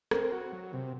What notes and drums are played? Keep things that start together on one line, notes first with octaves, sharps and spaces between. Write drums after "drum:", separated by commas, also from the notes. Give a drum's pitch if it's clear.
C4 A#4, drum: rim click
F#4
F#3
C3